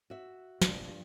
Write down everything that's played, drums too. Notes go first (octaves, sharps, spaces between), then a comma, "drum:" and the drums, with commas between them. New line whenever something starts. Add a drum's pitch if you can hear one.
F#4 E5
F1 A#1 G2 F3, drum: snare